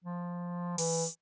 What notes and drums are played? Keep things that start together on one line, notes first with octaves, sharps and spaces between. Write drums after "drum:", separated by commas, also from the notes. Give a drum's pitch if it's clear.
F3
E3, drum: open hi-hat